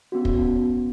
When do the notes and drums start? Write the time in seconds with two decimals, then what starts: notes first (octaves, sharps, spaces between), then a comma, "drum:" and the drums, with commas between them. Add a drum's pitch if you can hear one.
0.12 B3 C#4 F#4
0.25 drum: kick